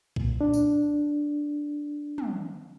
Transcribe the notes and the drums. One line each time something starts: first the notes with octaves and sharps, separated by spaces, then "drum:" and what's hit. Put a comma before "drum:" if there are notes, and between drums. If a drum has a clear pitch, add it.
A#2, drum: kick B1
D4
drum: tambourine
drum: tom